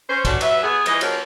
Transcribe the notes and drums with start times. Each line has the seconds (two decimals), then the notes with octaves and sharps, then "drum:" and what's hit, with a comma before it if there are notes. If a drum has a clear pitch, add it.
0.08 C#4 C5
0.25 A3 C#4 D4 F#4, drum: kick, cymbal
0.41 F#3 B4 E5, drum: cymbal
0.62 B3 G#4
0.86 E3 F3 G#3 D#5, drum: cymbal
1.01 F3 A#3 C#4 F#4 A#4, drum: cymbal